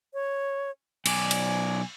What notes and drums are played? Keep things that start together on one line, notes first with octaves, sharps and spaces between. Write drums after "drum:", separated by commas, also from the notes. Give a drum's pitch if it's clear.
C#5
B1 D5 G#5, drum: cymbal
drum: cymbal